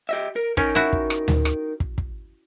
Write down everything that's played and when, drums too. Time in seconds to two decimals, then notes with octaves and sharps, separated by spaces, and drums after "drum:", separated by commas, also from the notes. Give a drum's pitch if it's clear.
0.09 G4 D#5 E5
0.36 A#4
0.57 C#4 D#4 A#4, drum: kick
0.75 E4 F#4
0.93 drum: kick
1.10 drum: rim click
1.28 drum: tom D2
1.45 drum: rim click
1.80 drum: kick
1.98 drum: kick